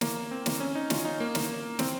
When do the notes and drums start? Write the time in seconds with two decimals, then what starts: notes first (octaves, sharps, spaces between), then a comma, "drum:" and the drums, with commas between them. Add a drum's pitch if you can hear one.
0.01 A#3, drum: snare
0.31 C4
0.46 drum: snare
0.60 C#4
0.75 D#4
0.90 F4, drum: snare
1.05 D#4
1.20 A#3
1.35 drum: snare
1.79 C4, drum: snare